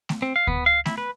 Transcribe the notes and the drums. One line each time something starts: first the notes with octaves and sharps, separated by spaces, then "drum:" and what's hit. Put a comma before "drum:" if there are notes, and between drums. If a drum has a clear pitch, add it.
drum: snare A3
C4
F5
B3, drum: kick D2
F5
E4, drum: snare A3
B4